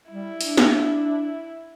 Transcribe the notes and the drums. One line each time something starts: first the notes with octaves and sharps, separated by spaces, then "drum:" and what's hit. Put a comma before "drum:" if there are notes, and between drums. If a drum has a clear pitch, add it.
G3 E4
D4, drum: open hi-hat
drum: snare